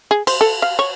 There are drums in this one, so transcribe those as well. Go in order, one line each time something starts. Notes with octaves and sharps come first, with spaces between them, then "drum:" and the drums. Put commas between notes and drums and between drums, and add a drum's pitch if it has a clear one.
G#4
C5, drum: cymbal
A4
F5
C#5